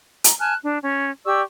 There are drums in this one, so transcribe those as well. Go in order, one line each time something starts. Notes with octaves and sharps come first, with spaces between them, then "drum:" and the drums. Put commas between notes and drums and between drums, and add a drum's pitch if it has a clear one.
A#5, drum: hi-hat
G#5 A5 F6 F#6
D4
C#4
G4 D5 C#6 E6